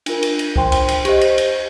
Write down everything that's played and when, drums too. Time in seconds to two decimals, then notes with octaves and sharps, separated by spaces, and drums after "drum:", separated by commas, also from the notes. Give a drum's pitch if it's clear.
0.06 D4 F4 A#4, drum: cymbal
0.23 drum: cymbal
0.39 drum: cymbal
0.56 C5 G5 C6, drum: kick C2
0.72 drum: cymbal
0.88 drum: cymbal
1.05 G4 C5 D#5, drum: cymbal
1.21 drum: cymbal
1.38 drum: cymbal